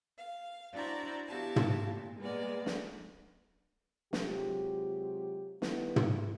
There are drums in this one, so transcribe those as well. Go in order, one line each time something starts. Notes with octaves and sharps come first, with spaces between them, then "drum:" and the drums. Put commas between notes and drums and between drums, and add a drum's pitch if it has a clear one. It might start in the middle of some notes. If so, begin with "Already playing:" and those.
F5
D4 E4 F#4 C5 D5 A#5
B3 E4 F#4 G4 F5 A5
drum: tom
A#2
G#3 A#3 B3 D5
drum: snare
C3 F#3 G#3 F4 G4, drum: snare
D#3 G3 B3 E4, drum: snare
drum: tom